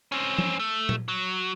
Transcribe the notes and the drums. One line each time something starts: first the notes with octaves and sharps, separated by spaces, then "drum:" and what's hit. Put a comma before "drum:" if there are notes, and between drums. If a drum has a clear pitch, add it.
C4 C#4
drum: tom
A3
drum: tom A#2
F#3